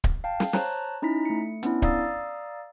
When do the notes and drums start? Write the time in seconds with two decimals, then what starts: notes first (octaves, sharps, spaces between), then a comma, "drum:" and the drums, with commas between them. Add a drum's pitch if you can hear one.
0.04 drum: kick D1
0.24 F5 G5 A5
0.40 drum: snare
0.53 C5 C#5 A5 A#5 F#6, drum: snare
1.02 C#4 D#4 E4 A#5 B6
1.25 A3 C#7
1.63 B3 C#4 D4 E4, drum: hi-hat
1.82 D5 F5 A#5 D#6 E6 A6, drum: kick D1